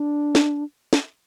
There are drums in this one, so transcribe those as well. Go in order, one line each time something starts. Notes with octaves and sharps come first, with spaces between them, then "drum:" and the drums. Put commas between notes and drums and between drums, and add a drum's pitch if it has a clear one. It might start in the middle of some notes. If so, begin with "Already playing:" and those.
Already playing: D4
drum: snare
drum: snare